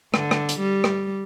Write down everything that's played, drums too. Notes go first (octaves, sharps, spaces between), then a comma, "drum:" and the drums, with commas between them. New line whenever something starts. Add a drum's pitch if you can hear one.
D3, drum: rim click
drum: rim click
drum: hi-hat
G3
drum: rim click